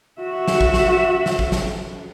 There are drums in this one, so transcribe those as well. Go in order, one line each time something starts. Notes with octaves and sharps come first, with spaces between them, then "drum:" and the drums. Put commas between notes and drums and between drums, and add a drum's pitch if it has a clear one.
F#4 E5
drum: snare
drum: kick A1
drum: snare
drum: snare
drum: kick A1
drum: snare